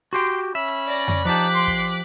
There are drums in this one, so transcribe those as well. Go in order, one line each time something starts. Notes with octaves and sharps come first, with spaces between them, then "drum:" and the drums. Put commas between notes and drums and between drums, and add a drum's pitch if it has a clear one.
F#4 G4 G5 C6
C#4 E5 B5
drum: hi-hat
D5 A#6
drum: tom F2
F3 D#4 G4 A5 D6 F#6 B6
C6
drum: kick
drum: hi-hat